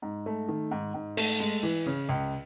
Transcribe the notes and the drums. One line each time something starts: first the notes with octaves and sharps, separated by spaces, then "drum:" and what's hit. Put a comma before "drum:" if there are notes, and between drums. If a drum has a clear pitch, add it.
G#2
A3
D#3
G#2
G#2
A3, drum: cymbal
G#3
E3
C#3
C#2